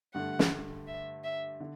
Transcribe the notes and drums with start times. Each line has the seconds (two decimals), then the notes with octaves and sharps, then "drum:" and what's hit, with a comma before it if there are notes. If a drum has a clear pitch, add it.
0.14 G2 D3 A3 F#5
0.39 drum: snare
0.87 E5
1.24 E5
1.60 D3